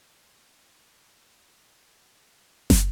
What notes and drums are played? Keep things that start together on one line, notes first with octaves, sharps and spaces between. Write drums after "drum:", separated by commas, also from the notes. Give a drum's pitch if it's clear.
A#4 C5
drum: snare